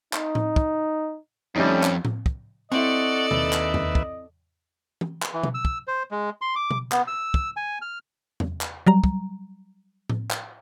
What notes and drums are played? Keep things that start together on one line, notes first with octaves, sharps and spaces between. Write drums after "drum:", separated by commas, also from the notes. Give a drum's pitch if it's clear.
D#4, drum: clap
drum: tom A2
drum: kick
F2 G3 A3 C#4 D#4
drum: clap
drum: tom A2
drum: kick
C4 E4 A4 D5 D#5 F#5 C#6
D#2 B4 E5, drum: tom B2
drum: clap
drum: tom E2
drum: kick
drum: tom E3
drum: clap
E3
drum: tom B2
E6
drum: kick
C5
G#3
C6
D6
drum: tom B2
B3, drum: clap
E6
drum: kick
G#5
F6
drum: tom E2
drum: clap
F#3 G3 A#5
drum: kick
drum: tom A2
drum: clap